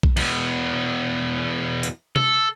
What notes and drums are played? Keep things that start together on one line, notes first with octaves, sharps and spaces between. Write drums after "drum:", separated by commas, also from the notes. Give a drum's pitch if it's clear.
drum: kick B1
E2 B2, drum: cymbal
drum: hi-hat
A4, drum: tom C3